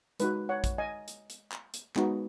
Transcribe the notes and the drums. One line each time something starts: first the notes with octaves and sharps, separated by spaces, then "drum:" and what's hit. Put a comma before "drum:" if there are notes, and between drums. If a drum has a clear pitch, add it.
G#3 D#4 F#4 B4, drum: hi-hat
C#5 F#5
drum: kick A#1, hi-hat
D#5 G#5
drum: hi-hat
drum: hi-hat
drum: clap
drum: hi-hat
G#3 B3 D#4 F#4, drum: clap